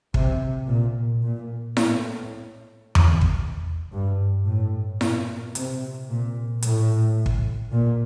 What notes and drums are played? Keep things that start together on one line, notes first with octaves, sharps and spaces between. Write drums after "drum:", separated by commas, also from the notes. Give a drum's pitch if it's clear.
C3, drum: kick
A#2
A#2
A2, drum: snare E4
drum: tom E2
drum: kick
G2
A2
A#2, drum: snare E4
C3, drum: hi-hat
A#2
A2, drum: hi-hat
drum: kick
A#2